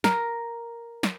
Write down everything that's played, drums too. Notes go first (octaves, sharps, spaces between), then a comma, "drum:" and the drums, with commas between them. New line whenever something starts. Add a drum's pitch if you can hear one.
A#4, drum: snare
drum: snare